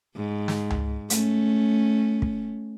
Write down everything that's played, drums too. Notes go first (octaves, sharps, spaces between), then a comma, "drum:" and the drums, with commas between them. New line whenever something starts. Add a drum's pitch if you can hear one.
G#2
drum: snare
drum: tom C#2
A3 C#4, drum: hi-hat
drum: kick